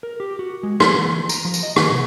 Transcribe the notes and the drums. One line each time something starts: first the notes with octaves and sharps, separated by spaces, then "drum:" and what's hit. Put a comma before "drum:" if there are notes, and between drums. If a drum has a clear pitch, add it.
A#4
G4
F#4
G#3
F3, drum: rim click
E3
A#5, drum: tambourine
F3
drum: tambourine
D#5
D#3, drum: rim click
C3